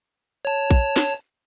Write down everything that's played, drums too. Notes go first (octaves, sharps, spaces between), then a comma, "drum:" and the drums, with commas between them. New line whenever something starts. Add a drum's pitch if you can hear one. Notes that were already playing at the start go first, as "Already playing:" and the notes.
C#5 A5
drum: kick A#1
drum: snare